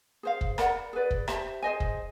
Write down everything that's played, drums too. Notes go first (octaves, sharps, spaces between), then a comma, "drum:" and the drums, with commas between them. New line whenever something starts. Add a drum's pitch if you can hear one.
G#4 C5 F5
drum: kick
A#4 D5 F#5 B5, drum: rim click
G#4 B4 D5
drum: kick
G4 C5 E5 A5, drum: rim click
G#4 C5 D#5 G#5
drum: kick